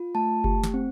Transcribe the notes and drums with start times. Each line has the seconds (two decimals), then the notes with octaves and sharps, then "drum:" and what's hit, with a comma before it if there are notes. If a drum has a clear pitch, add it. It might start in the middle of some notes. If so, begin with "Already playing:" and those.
Already playing: F4
0.15 A3 A5
0.44 G4, drum: kick F#1
0.64 drum: snare
0.74 C4